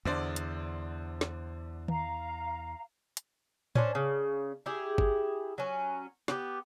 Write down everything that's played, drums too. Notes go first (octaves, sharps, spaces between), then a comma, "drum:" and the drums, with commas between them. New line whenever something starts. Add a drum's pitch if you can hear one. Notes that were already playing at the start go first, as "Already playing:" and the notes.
E2 D3 C5 D5
drum: hi-hat
drum: snare
F5 A#5, drum: tom D#3
drum: hi-hat
C#4 D4 C5, drum: tom A2
C#3
E4 G4 G#4
drum: kick
F#3 C#4
B3 G4, drum: snare